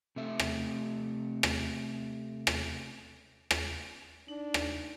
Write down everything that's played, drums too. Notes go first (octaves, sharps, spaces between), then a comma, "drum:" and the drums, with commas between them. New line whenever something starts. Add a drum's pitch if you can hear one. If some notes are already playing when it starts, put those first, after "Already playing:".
C3 A3 E5
drum: rim click
drum: rim click
drum: rim click
drum: rim click
D4 D#4
drum: rim click